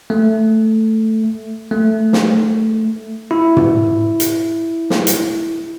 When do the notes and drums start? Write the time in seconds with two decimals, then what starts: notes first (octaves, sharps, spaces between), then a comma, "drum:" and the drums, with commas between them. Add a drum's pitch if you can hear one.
0.10 A3
1.71 A3
2.13 drum: snare
3.31 E4
3.57 drum: tom
4.20 drum: hi-hat
4.90 drum: snare
5.07 drum: hi-hat